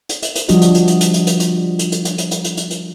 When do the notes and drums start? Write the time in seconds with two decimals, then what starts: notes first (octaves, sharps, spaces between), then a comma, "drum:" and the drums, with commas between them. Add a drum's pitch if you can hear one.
0.09 drum: hi-hat
0.22 drum: hi-hat
0.35 drum: hi-hat
0.48 F3 G3 D4 F#4 G4 D#5, drum: hi-hat
0.62 drum: hi-hat
0.75 drum: hi-hat
0.88 drum: hi-hat
1.01 drum: hi-hat
1.14 drum: hi-hat
1.27 drum: hi-hat
1.40 drum: hi-hat
1.79 drum: hi-hat
1.92 drum: hi-hat
2.05 drum: hi-hat
2.18 drum: hi-hat
2.31 drum: hi-hat
2.44 drum: hi-hat
2.57 drum: hi-hat
2.70 drum: hi-hat